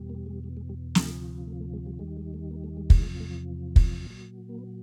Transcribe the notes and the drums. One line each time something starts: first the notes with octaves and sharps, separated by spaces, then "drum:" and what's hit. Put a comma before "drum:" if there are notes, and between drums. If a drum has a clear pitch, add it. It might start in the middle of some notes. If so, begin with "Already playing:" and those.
Already playing: E2 B2 G3
A#3
G#3
G3
G#3
G3
D2 C3 F3 A3, drum: snare
A3
A3
G#3
G3
D#2 D#3 G3 G#3
G#3
A3
A#3
A3
G#3
G#3, drum: kick
E2 C3 F3 G#3
A3
drum: kick
A#2 F#3
A#3
B3